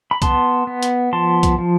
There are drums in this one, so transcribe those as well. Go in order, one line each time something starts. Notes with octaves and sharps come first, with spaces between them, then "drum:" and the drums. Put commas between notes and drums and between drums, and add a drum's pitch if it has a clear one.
B5
B3 A5 C6, drum: kick B1, hi-hat
B3
drum: hi-hat
F3 A5 C6
drum: kick B1, hi-hat
F3